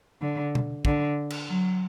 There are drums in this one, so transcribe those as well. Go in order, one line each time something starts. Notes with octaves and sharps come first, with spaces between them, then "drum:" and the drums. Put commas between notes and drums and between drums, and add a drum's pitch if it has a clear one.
D3
drum: tom B2
D3, drum: kick
drum: cymbal
F#3